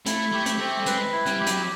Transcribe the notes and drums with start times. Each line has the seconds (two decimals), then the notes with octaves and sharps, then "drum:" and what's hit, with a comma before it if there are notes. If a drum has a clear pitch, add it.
0.06 A3 E4, drum: hi-hat
0.32 A3 G4
0.46 drum: hi-hat
0.59 A3 C4
0.80 G3
0.86 G#3 B4, drum: hi-hat
1.12 E4
1.26 G3, drum: hi-hat
1.40 G3 G4
1.46 F#3, drum: hi-hat